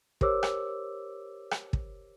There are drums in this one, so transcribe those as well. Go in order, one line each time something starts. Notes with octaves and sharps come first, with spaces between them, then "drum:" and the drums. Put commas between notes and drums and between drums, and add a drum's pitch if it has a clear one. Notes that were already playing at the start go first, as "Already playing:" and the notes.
G4 A#4 C5 C#5 D6 E6, drum: kick
drum: rim click
drum: rim click
drum: kick